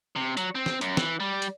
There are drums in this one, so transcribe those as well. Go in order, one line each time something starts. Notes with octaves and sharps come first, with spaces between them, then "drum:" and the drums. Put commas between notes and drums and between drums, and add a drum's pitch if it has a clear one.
C3
F#3, drum: hi-hat
C4
drum: snare
F#2, drum: hi-hat
E3, drum: snare
G3
drum: hi-hat